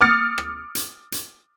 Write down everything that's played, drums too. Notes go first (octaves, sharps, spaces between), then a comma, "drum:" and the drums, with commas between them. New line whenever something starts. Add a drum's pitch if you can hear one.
D6 D#6 F6 A6 C#7
drum: rim click
drum: hi-hat
drum: hi-hat